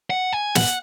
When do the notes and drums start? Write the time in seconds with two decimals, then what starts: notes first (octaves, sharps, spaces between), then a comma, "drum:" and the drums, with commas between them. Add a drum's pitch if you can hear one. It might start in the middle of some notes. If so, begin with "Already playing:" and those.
0.10 F#5
0.33 G#5
0.55 F#5, drum: snare